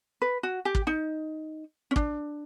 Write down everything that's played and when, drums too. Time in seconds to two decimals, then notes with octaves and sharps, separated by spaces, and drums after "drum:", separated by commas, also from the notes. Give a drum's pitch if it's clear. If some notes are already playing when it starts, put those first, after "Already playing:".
0.22 B4
0.43 F#4
0.65 G4
0.75 drum: kick
0.87 D#4
1.91 C#4
1.96 D4, drum: kick